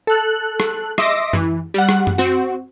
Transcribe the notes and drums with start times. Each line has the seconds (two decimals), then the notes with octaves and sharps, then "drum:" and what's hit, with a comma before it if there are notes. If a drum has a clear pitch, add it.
0.07 A4 F#6
0.60 drum: rim click
0.98 D#5 E5 C6 D6 A#6, drum: rim click
1.33 E3, drum: tom F#2
1.74 G3 F#5
1.89 drum: rim click
2.07 drum: tom F#2
2.18 C4 F#4